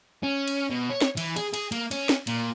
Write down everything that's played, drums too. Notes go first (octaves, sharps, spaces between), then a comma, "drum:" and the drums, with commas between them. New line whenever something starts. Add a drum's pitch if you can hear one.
C#4
drum: cymbal
B2
C#5
drum: snare
E3, drum: cymbal
G#4, drum: cymbal
G#4, drum: cymbal
A#3, drum: cymbal
C#4, drum: cymbal
drum: snare
A#2, drum: cymbal